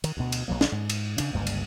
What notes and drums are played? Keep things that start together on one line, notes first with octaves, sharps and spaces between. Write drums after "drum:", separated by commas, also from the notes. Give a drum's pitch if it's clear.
D#3, drum: cymbal
D2 B2
drum: cymbal
B1 F2 F#3 A#3
drum: snare
G#2
drum: cymbal
C#3 D4, drum: cymbal
G1 C#2 G2 A#3
drum: cymbal